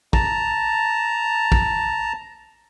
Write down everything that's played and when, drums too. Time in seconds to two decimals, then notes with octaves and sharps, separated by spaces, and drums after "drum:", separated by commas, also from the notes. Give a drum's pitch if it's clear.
0.13 A5 A#5, drum: kick
1.52 drum: kick